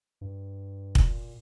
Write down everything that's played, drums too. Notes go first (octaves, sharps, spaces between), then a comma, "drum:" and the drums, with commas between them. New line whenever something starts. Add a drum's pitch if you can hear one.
G2
A#2, drum: kick